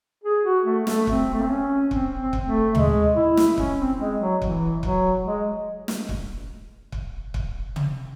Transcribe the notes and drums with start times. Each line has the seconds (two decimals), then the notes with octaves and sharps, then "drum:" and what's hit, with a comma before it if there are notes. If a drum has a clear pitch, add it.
0.24 G#4
0.45 F#4
0.65 A3
0.87 A3, drum: snare
1.07 C4, drum: kick
1.34 A3
1.42 C4
1.50 C#4
1.91 C4, drum: kick
2.19 C4
2.33 drum: kick
2.47 A3
2.75 G#3, drum: tom
3.16 E4
3.37 drum: snare
3.58 C#4, drum: kick
3.79 C4
4.00 G#3
4.21 F#3
4.42 E3, drum: kick
4.83 F#3, drum: kick
5.26 G#3
5.88 drum: snare
6.09 drum: kick
6.92 drum: kick
7.34 drum: kick
7.76 drum: tom